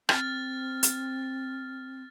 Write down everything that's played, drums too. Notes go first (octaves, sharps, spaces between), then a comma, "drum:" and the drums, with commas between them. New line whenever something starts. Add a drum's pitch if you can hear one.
C4 F6 A6, drum: rim click
drum: hi-hat